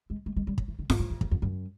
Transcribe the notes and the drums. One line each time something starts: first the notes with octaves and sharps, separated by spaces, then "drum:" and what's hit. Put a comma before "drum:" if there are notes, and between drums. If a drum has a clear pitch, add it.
G#3
G#3
G#3
G3
F#3, drum: kick
E3
D#3
A2, drum: snare F4
A2
E2
E2, drum: kick
F2
F#2